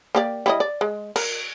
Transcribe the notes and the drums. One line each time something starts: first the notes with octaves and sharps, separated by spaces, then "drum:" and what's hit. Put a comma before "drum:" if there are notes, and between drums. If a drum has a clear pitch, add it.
A#3 G4 D5
G3 E4 D#5
D5
G#3
A#4, drum: cymbal